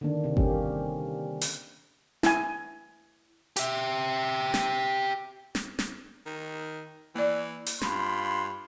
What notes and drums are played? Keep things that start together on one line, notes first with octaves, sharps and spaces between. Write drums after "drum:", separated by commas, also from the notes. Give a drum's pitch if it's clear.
D3 D#3 A#3 D4
C3 C4
G3 A#3 C#4 G4, drum: kick G#1
drum: open hi-hat
E4 G#5, drum: snare
G4 E5, drum: hi-hat
drum: snare
drum: snare
drum: snare
D#3
E3 A#3 D5
drum: open hi-hat
G2 F4 B5 C6, drum: snare